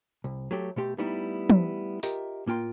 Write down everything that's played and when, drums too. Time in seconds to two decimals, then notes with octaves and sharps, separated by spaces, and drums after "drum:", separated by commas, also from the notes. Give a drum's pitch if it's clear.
0.24 C2
0.51 F#3 A3 G4
0.76 B2 A3 G4 C6
0.98 G3 A3 B3 D#4 E4
1.50 drum: tom
2.03 F4 G4 A#4 D#5 E5, drum: tambourine
2.46 A2 A#3 F4 G5 C6